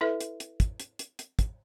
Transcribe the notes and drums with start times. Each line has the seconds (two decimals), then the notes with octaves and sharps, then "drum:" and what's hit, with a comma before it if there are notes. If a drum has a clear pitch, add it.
0.01 E4 A4 B4 E5
0.21 drum: hi-hat
0.40 drum: hi-hat
0.60 drum: kick, hi-hat
0.80 drum: hi-hat
0.99 drum: hi-hat
1.19 drum: hi-hat
1.39 drum: kick, hi-hat